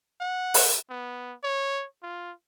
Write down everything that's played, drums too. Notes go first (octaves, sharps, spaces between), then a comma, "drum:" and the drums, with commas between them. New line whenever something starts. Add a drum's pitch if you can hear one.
F#5
drum: open hi-hat
B3
C#5
F4